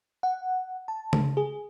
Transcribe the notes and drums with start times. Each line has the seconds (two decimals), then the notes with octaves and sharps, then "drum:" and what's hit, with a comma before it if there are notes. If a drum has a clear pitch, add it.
0.23 F#5
0.88 A5
1.13 drum: tom C#3
1.37 G#4